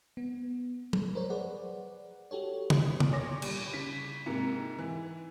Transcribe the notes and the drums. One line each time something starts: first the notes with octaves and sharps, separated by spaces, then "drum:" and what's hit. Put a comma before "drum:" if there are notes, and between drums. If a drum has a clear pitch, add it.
B3
drum: tom
A#4 C5 C#5
G#4 B4 D5 F#5
F#4 G4 A4 C#5
drum: tom
drum: tom
A#2 C#5 D6 A#6
G3, drum: cymbal
C#3 B6
G#2 C3 A#3
E3